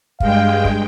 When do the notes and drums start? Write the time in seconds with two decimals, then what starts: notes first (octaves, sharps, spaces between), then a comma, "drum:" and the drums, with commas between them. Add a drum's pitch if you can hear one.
0.20 G2 G#3 F5 G5, drum: kick
0.65 drum: kick